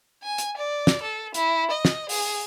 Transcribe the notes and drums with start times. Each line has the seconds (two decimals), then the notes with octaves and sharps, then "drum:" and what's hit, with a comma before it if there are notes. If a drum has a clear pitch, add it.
0.23 G#5
0.38 drum: hi-hat
0.57 D5
0.87 drum: snare
1.03 A4
1.34 E4, drum: hi-hat
1.70 D#5
1.85 drum: snare
2.09 G#4, drum: open hi-hat